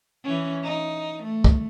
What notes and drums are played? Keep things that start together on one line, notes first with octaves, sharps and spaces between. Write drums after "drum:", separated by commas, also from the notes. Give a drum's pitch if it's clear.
E3 C#4
D#4
A3
drum: kick